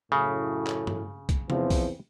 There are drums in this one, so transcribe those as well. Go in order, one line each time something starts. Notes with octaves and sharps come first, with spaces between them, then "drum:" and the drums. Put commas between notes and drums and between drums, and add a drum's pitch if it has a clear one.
F#2 A2 C#3
drum: clap
drum: tom G2
drum: kick B1, hi-hat
E2 F3 C4, drum: tom C3
drum: kick B1, open hi-hat